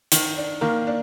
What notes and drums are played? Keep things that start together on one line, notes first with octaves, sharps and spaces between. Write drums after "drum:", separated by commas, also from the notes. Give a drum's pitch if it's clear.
D#3, drum: hi-hat
D4
D#3 A#3 A#4
D4